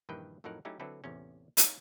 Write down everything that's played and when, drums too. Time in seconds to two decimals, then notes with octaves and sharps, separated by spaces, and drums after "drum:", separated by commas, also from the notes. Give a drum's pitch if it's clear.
0.09 A#1 G2 D#3 E3 B4 G5
0.44 F2 A2 F#3 D#4 A#4 F#5
0.65 F#3 A3 C#4 D#4 E4 G4
0.80 D3 F#3 C4 E4 A4 B4
1.04 A1 E2 C3 C#4
1.57 D#4 C#5 D#5 F5, drum: hi-hat